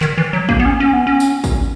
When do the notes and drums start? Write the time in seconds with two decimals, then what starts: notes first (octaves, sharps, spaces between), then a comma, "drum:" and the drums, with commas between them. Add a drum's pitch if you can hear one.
0.01 D#3, drum: clap
0.18 E3
0.33 F#3
0.49 A#3, drum: kick
0.60 B3
0.65 C#4
0.80 C#4
0.93 B3
1.07 C#4
1.20 drum: tambourine
1.44 drum: kick, tambourine